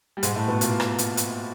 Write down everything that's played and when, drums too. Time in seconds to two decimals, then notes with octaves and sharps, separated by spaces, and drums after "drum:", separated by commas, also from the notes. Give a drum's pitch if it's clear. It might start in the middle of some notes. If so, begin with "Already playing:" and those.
0.17 G3
0.23 G#2 G#3, drum: hi-hat
0.35 A2 A3
0.48 B2 B3
0.61 A#2 A#3, drum: hi-hat
0.80 drum: rim click
0.98 drum: hi-hat
1.17 drum: hi-hat